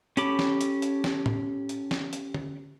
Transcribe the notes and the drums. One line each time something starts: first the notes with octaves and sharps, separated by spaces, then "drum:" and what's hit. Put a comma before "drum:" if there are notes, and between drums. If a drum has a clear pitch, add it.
C#4 G4 A4 B5 D6, drum: hi-hat
drum: snare
drum: hi-hat
drum: hi-hat
drum: snare
drum: tom A2
drum: hi-hat
drum: snare
drum: hi-hat
drum: tom D3